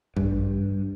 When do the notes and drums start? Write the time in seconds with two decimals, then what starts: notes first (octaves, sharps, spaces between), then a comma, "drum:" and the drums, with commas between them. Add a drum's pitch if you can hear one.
0.17 G2, drum: kick